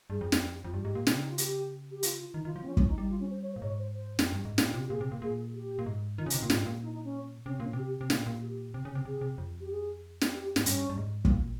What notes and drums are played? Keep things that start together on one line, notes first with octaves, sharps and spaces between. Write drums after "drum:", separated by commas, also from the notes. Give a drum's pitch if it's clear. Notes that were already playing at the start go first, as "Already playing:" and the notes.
G2 G#4
F2
F2, drum: snare
F2 F4
G2 G4
G#2
A#2
C#3, drum: snare
D#4
F4
G4, drum: hi-hat
G4
F4, drum: hi-hat
F4
D#3 D#4
D#3 F4
F3 F4
C4
C#4
C#4, drum: kick
D#4
G3 D#4
F4
C#4
C5
C#5
C5
A#2
G#2 C#5
C5
C5
F2, drum: snare
G2
G#2
A#2 D#4, drum: snare
C3 F4
G4
A#2 G#4
C3
A#2
A#2 G#4
G4
A#2
G#2
D#3 F4
C#3
C3 D#4, drum: hi-hat
A#2 F4
G#2, drum: snare
A#2
D#4
D#4
C#4
C3 C#4
A#2 C#4
C3 G4
C3
A#2, drum: snare
A#2
G4
C3
C#3
C3
C3 G#4
C3
F2
G4
G#4
drum: snare
G4
G#2, drum: snare
G2 C#4, drum: hi-hat
G2
G#2
C3, drum: kick
A#2